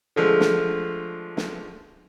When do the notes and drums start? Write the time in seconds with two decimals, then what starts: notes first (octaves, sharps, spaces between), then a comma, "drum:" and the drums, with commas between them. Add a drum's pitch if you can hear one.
0.16 D3 F3 G#3 A3
0.40 drum: snare
1.37 drum: snare